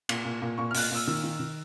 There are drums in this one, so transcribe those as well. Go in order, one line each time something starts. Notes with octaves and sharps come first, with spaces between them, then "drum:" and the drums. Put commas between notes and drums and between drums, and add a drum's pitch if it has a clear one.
A#2, drum: cymbal
A#2
A#2
A#2 C#6
F6
A#2 F#6, drum: open hi-hat
F6
A#2 E6
D#3 E6
D#3
D#3